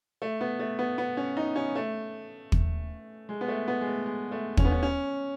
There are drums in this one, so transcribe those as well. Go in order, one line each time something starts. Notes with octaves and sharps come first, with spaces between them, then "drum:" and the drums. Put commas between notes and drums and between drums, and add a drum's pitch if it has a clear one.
A3
B3
A3
B3
B3
C#4
D#4
C#4
A3
drum: kick
G#3
B3
A3
B3
G#3
A3
G#3
A3
C#4, drum: kick
B3
C#4
C#4